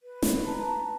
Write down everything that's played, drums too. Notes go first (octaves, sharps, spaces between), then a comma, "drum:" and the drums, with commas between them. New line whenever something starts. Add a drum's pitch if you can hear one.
B4
drum: snare
A5 A#5